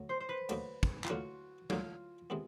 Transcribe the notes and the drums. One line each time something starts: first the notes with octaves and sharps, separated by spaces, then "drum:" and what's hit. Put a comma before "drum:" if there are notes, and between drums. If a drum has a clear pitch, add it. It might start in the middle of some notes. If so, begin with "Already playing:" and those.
Already playing: D2 F#3
C5
C5
B4
D2 D3 F#3 A#3 D#4, drum: cymbal
drum: kick
F4, drum: clap
D2 D3 F#3 A#3 D#4 F#4
D2 D3 F#3 A#3 D#4 F4, drum: tom
C3 D#3 G#3 B3